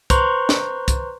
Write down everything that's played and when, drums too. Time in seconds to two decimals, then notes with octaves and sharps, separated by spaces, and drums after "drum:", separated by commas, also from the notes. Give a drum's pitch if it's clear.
0.10 B4 C5 A#5 C6 C#6, drum: kick, hi-hat
0.49 drum: snare
0.88 drum: kick, hi-hat